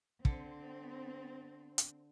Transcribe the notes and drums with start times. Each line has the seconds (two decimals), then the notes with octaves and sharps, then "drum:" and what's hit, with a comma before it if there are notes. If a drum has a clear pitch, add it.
0.25 D3 C4, drum: kick
1.78 drum: hi-hat